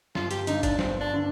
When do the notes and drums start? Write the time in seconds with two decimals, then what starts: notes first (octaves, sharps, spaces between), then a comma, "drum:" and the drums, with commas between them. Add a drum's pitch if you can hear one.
0.15 G1 F4, drum: snare
0.31 G4, drum: hi-hat
0.47 G2 D3 D#4, drum: hi-hat
0.63 D4, drum: kick, hi-hat
0.79 G1 C4, drum: snare
1.00 D4
1.14 D3